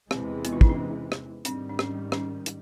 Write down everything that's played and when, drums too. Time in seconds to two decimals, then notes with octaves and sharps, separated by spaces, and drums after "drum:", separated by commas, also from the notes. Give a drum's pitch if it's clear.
0.11 E2 C3 E3 G#3 C4, drum: rim click
0.45 B3, drum: hi-hat
0.52 D#4 F4
0.61 D4 E4, drum: kick
0.69 C#4 D#4
1.12 drum: rim click
1.45 G#2 D#3 G3 C4 D4, drum: hi-hat
1.69 D4
1.79 C#4, drum: rim click
2.12 C#4 D#4, drum: rim click
2.46 drum: hi-hat